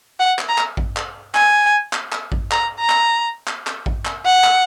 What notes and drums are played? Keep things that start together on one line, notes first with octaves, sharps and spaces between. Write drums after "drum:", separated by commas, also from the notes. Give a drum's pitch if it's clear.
F#5
drum: clap
A#5
drum: clap
drum: kick A1
drum: clap
G#5, drum: clap
drum: clap
drum: clap
drum: kick A1
A#5, drum: clap
A#5
drum: clap
drum: clap
drum: clap
drum: kick A1
drum: clap
F#5
drum: clap